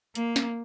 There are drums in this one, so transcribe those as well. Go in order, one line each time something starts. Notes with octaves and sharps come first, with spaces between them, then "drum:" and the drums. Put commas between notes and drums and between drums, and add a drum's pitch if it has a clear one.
A#3, drum: hi-hat
drum: snare